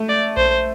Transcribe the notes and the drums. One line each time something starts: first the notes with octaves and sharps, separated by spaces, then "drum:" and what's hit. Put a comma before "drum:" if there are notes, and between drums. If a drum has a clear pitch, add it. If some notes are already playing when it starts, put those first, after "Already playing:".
Already playing: A3
D5
C5, drum: kick A#1